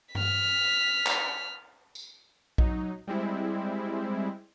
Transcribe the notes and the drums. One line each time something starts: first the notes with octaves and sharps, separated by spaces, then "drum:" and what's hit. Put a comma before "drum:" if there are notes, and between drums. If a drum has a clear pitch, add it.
F6 B6, drum: tom G2
drum: clap
drum: tambourine
F#3 D#4, drum: kick A#1
G3 G#3 C4 E4